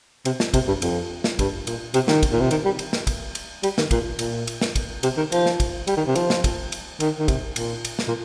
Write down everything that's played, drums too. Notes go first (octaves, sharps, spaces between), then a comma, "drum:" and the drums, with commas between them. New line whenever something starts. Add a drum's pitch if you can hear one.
C3, drum: cymbal
drum: snare
C3, drum: kick, cymbal
G2
F2, drum: cymbal
drum: snare
G2, drum: kick, cymbal
A#2, drum: cymbal
C3, drum: cymbal
D#3, drum: snare
drum: kick, cymbal
A#2
C3
D#3, drum: cymbal
G3
drum: cymbal
drum: snare
drum: kick, cymbal
drum: cymbal
G3, drum: cymbal
D#3, drum: snare
A#2, drum: kick, cymbal
A#2, drum: cymbal
drum: cymbal
drum: snare
drum: kick, cymbal
C3, drum: cymbal
D#3
F3, drum: cymbal
drum: snare
drum: kick, cymbal
G3, drum: cymbal
D#3
C3
F3, drum: cymbal
drum: snare
drum: kick, cymbal
drum: cymbal
D#3, drum: cymbal
D#3
C3, drum: kick, cymbal
A#2, drum: cymbal
drum: cymbal
drum: snare
A#2